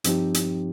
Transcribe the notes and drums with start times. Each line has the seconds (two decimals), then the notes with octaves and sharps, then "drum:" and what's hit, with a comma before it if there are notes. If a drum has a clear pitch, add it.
0.04 G2 F3 C4 D#4 G4, drum: hi-hat
0.34 drum: hi-hat